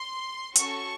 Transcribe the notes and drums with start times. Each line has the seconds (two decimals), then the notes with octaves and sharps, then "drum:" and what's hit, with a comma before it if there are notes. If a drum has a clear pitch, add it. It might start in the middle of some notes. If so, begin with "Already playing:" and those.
Already playing: C6
0.56 C#4 F#4 A4 C#6, drum: hi-hat